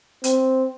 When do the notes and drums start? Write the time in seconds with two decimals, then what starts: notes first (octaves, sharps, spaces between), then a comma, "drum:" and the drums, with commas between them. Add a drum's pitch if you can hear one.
0.24 C4, drum: hi-hat